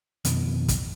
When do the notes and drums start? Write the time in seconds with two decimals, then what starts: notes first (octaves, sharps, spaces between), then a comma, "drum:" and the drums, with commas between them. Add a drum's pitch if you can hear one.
0.25 F2 B2 D#3 E3, drum: hi-hat
0.68 drum: kick, hi-hat